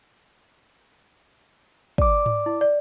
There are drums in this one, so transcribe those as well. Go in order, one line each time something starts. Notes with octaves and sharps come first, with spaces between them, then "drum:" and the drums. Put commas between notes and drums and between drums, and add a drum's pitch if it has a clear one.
D5 D6, drum: kick
drum: tom G#2
E4
D5